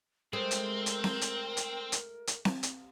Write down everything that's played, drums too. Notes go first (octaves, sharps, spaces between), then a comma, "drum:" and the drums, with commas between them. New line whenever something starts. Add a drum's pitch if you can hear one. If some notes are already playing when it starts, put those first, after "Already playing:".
G#3 A3 C4 A#4 C5
drum: hi-hat
drum: hi-hat
drum: snare C4
drum: hi-hat
drum: hi-hat
drum: hi-hat
drum: hi-hat
drum: snare C4
drum: hi-hat